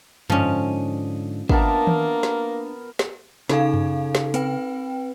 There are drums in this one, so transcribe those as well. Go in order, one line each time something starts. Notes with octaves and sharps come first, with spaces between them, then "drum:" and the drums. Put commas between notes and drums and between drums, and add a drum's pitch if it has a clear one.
G#2 D3 F3 C#4 D#5, drum: tom F#2
A#3 B3 D4 A#4 E5 F#5 A5, drum: kick
drum: tom D#3
drum: snare
drum: snare
C#3 D#4 A4 F5, drum: snare
drum: tom F#2
drum: snare
C4 B4 G5, drum: hi-hat